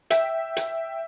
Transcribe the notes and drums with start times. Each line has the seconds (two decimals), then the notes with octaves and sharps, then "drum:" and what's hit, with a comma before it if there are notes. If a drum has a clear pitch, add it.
0.10 E5 G5, drum: hi-hat
0.57 drum: hi-hat